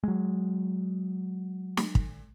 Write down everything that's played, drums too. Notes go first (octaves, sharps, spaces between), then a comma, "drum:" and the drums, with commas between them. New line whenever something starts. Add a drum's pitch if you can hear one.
F#3 G#3
drum: snare
drum: kick